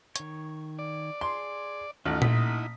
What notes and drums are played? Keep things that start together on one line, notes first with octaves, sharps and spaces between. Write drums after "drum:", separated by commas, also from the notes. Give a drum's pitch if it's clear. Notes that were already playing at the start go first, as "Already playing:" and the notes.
D#3 C#5, drum: hi-hat
D5
G#4 C6
A1 D#2 D#3 C#4 F4 F#4 F#5
A#2 D#4 E4 F#5 A#5 C6 D#6 B6, drum: tom A#2